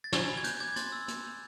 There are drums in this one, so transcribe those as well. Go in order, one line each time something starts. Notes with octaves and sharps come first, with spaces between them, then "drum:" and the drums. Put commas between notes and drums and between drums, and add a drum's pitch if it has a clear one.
A6
G#5 G#6, drum: snare
B5
G#6
F#6 G6, drum: hi-hat
D6 G#6
C6 A6, drum: hi-hat
E6
C6, drum: hi-hat
G6